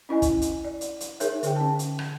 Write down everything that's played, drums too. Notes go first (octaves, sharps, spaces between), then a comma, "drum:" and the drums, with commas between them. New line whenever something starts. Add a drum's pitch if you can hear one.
C#4 E4 D#5 G#5
drum: kick, hi-hat
drum: hi-hat
D5
drum: hi-hat
drum: hi-hat
D#4 G#4 A#4 C#5 E5, drum: hi-hat
D3 G#4 G5, drum: hi-hat
C#4 A5
drum: hi-hat
drum: rim click